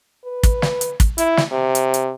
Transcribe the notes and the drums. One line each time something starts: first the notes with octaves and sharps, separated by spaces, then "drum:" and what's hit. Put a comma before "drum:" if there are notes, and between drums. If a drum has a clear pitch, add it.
B4
drum: kick, hi-hat
drum: snare
drum: hi-hat
drum: kick, hi-hat
E4, drum: hi-hat
drum: snare
C3
drum: hi-hat
drum: hi-hat